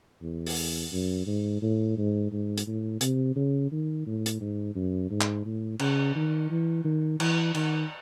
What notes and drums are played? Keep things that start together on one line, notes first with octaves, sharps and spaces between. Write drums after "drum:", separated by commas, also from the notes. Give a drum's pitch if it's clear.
E2
drum: open hi-hat
F#2
G#2
A2
G#2
G#2
drum: hi-hat
A2
C3, drum: hi-hat
C#3
D#3
A2
drum: hi-hat
G#2
F#2
G#2
drum: clap
A2
C#3, drum: cymbal
D#3
E3
D#3
E3, drum: cymbal
D#3, drum: cymbal